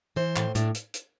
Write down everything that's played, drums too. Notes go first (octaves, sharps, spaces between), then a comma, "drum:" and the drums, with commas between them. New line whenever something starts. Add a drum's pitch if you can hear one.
E3 C5
A2, drum: clap
A2 D4, drum: hi-hat
drum: hi-hat
drum: hi-hat